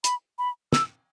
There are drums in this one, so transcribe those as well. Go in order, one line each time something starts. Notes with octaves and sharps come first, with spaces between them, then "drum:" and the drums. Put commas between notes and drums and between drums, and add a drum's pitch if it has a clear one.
B5, drum: hi-hat
B5
E6, drum: snare